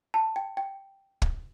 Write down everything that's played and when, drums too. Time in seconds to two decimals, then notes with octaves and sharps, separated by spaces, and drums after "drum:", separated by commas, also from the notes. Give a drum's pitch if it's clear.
0.14 A5
0.36 G5
0.57 G5
1.22 drum: kick